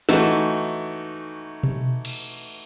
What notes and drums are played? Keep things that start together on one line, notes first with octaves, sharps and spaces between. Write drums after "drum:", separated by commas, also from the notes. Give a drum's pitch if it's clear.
E3 A3 D#4 F#4, drum: snare
drum: tom B2
drum: cymbal